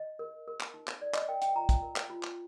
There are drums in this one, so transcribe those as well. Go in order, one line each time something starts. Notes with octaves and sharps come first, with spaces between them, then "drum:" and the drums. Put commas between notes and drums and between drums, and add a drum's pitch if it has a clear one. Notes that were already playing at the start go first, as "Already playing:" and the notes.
Already playing: D#5
A#4
A#4
drum: clap
D#4
drum: clap
A#4 D5
D#5, drum: clap
A#4 G5
G5, drum: hi-hat
F4 A#5
drum: kick, hi-hat
A#4
drum: clap
F4
drum: clap